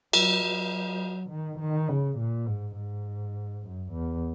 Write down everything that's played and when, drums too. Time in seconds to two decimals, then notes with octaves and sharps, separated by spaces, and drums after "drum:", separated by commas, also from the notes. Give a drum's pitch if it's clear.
0.13 F#3, drum: cymbal
0.43 F#3
1.30 D#3
1.59 D#3
1.88 C#3
2.18 A#2
2.47 G#2
2.76 G#2
3.63 F#2
3.92 E2